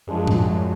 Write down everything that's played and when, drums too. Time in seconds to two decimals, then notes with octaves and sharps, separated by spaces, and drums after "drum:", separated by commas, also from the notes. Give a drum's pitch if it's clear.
0.07 F#2 F3 G#3 D4 G#4
0.27 drum: tom